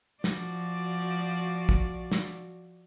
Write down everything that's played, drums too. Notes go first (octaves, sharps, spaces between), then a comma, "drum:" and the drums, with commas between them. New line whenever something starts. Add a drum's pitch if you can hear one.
F3 F#4 D5, drum: snare
drum: kick A1
drum: snare